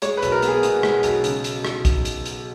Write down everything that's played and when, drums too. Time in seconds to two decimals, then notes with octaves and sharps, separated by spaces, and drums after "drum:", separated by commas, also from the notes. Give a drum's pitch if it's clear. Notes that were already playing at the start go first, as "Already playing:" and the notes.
0.02 G#3 C#5, drum: hi-hat
0.17 B4
0.22 B1, drum: hi-hat
0.32 A#4
0.42 B3, drum: hi-hat
0.48 G#4
0.63 B2, drum: hi-hat
0.83 G#3, drum: rim click
1.03 B1, drum: hi-hat
1.24 C#3, drum: hi-hat
1.44 drum: hi-hat
1.65 drum: rim click
1.85 drum: kick, hi-hat
2.05 drum: hi-hat
2.25 drum: hi-hat